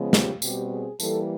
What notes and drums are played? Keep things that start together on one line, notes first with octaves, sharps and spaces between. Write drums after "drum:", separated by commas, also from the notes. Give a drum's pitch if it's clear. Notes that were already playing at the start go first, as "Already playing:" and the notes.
Already playing: C#3 F3 G#3 B3
G4, drum: snare
B2 G3 C4 G4, drum: tambourine
G#4
E3 G3 A#3 A4, drum: tambourine